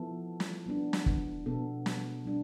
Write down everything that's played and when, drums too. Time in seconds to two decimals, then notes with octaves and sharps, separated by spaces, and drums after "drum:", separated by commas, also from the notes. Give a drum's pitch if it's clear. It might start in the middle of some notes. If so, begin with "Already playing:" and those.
Already playing: F3 B3 E4 A4
0.40 drum: snare
0.66 G3 B3 D4
0.93 drum: snare
1.06 drum: kick
1.46 B2 B3 D4 A4
1.86 drum: snare
2.25 G3 D4